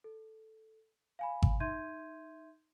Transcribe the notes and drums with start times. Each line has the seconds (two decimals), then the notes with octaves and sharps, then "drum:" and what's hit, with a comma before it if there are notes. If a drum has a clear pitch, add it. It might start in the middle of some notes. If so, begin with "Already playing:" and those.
0.04 A4
1.19 F5 G#5 B5
1.42 drum: kick G#1
1.60 D#4 E5 C6 G6 G#6 D#7